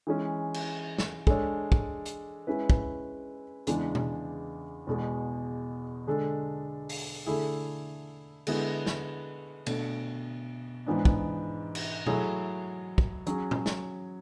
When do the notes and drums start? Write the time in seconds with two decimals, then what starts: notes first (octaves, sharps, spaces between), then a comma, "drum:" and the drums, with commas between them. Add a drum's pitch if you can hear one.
0.07 E3 G#3 C#4
0.54 drum: cymbal
0.98 drum: snare
1.27 G#3 D4 A4 C#5, drum: kick
1.72 drum: kick
2.06 drum: hi-hat
2.47 G#3 C#4 E4 B4
2.70 drum: kick
3.67 E2 C#3 E3 G#3 D4, drum: hi-hat
3.95 drum: tom B2
4.87 E2 B2 G#3
6.07 D3 G#3 D4 A4
6.89 drum: open hi-hat
7.26 D3 A3 E4 G#4
8.47 D3 G#3 B3 E4 G#4, drum: cymbal
8.86 drum: snare
9.66 B2 A3 D4, drum: cymbal
10.86 G#2 E3 B3 D4
11.05 drum: kick
11.75 drum: cymbal
12.07 F#3 A3 E4 G#4, drum: tom B2
12.98 drum: kick
13.27 F#3 C#4 G#4, drum: hi-hat
13.51 drum: tom A#2
13.66 drum: snare